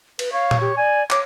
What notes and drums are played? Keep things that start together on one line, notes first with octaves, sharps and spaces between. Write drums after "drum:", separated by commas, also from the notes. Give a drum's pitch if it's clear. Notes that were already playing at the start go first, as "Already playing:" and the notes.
B4, drum: cymbal
C#5 F5
drum: tom A#2
G4
D5 G#5
C#5 D6, drum: clap